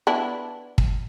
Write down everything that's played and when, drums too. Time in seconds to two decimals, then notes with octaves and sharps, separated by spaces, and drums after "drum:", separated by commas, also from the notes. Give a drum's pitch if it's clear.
0.07 B3 D4 E4
0.78 drum: kick